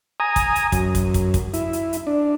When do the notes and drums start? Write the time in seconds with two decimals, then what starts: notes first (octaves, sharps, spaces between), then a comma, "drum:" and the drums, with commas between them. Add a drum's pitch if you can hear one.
0.20 G#5 A#5 D#6
0.36 drum: kick, hi-hat
0.55 drum: hi-hat
0.72 F#2, drum: kick, hi-hat
0.95 drum: kick, hi-hat
1.14 drum: kick, hi-hat
1.34 drum: kick, hi-hat
1.53 E4, drum: hi-hat
1.73 drum: hi-hat
1.93 drum: hi-hat
2.07 D4